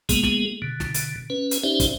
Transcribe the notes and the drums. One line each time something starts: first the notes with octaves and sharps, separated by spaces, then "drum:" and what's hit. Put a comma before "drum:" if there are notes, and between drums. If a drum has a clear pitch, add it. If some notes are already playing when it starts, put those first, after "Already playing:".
G#3 A#3 B3 G#4, drum: kick, hi-hat
drum: snare
B2 D3
drum: snare
drum: hi-hat
C#4 B4
drum: hi-hat
C#4 D#4 G4 C5 D5 E5
drum: kick, hi-hat